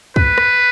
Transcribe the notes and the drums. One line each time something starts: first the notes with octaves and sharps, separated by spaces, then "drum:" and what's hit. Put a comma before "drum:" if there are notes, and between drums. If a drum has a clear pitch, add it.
B4, drum: kick
drum: rim click